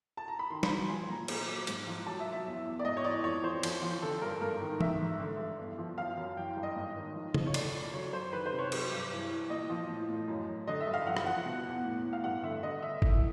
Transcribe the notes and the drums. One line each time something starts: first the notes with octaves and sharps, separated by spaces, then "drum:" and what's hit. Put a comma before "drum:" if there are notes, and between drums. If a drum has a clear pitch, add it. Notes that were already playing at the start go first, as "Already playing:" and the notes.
A5
A#5
B5
D#3 C6
B5, drum: snare
F#3
F3 G#5
A#2 A#5
A#2, drum: cymbal
F#3
G#2, drum: hi-hat
F3
F#3 A5
E5
F#3
E5
E2
E2
D5
G#2 D#5
C#5
E3 D5
F2 C#5
F2 C5
F3, drum: cymbal
F3
D3 A4
G2 A#4
G#2 A#4
D#3
G#2 E5, drum: tom
G#2
D3
G2
E2
F3
F#2 F5
F#2
E3 G5
G2
D#5
G#2
D#3
F3
F3, drum: tom C#3
C#5
D3 D5, drum: cymbal
F2
F#3 C#5
F#2 C5
D#3 B4
C5
C3
C#5
F#3, drum: cymbal
G2
E3
E3
A#2 D#5
F3
A2
A2
F#2
F#2
D3 D#5
E5
G2
F5
F3 F#5
drum: rim click
F3 F#5
B2
E2
A2
A2
F5
G2 F#5
D3 E5
D3 D#5
D3 E5
E3, drum: kick G1